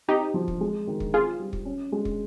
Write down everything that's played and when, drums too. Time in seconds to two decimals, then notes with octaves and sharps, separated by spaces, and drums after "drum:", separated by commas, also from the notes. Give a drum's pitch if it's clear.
0.08 C4 D#4 G4
0.34 F3
0.48 drum: kick
0.61 G#3
0.87 D#3
1.00 drum: kick
1.13 C4 F4 G#4
1.40 G3
1.53 drum: kick
1.65 C#4
1.92 G#3
2.05 drum: kick